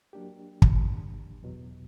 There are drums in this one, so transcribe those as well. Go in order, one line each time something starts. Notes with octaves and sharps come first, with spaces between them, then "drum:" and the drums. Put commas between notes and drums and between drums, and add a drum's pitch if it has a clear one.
F#3 A#3 D4 G4
drum: kick
E2 B2 F#3